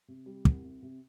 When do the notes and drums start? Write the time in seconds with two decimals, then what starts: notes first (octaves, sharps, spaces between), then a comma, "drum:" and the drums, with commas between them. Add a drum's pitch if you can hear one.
0.08 C3
0.26 G3
0.45 C2, drum: kick
0.64 C3
0.82 C3